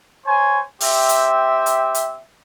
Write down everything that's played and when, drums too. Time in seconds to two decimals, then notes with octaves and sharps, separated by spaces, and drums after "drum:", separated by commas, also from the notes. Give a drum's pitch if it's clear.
0.25 C5 C#5 G#5
0.80 C4 G4 E5, drum: open hi-hat
1.09 drum: hi-hat
1.66 drum: hi-hat
1.95 drum: hi-hat